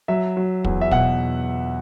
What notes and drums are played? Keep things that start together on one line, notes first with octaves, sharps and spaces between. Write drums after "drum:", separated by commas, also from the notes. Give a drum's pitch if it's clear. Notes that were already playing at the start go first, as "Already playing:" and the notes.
F#3 E5
F#3
E2, drum: kick
E5
B2 F#5, drum: kick